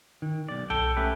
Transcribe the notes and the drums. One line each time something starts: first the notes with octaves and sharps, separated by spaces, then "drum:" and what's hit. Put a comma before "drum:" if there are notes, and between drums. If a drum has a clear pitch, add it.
D#3
B1 D5
A4 G5, drum: tom B1
A3 C#4 G4 B4